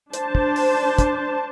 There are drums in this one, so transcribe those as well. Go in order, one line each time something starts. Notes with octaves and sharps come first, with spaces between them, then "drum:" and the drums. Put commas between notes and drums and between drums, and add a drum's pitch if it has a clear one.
D4 C5 A5, drum: hi-hat
drum: kick
drum: open hi-hat
drum: kick, hi-hat